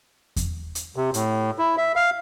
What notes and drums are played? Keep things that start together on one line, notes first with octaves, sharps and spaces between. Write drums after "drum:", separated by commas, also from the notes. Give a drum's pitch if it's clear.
drum: kick E2, hi-hat
drum: hi-hat
C3
A2, drum: hi-hat
E4
E5
F5